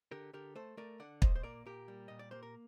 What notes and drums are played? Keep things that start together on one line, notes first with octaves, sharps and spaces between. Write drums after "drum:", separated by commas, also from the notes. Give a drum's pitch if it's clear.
D3 G4 A#4
D3 G4 A#4
A3 A4 C5
A3 A#4 D5
D3 D5 F#5
A#2 C5 D#5, drum: kick
C5
A#3 A#4 D5
A#2 G4 A#4
G3
A#2 D#5
D5
A#3 C5
A#4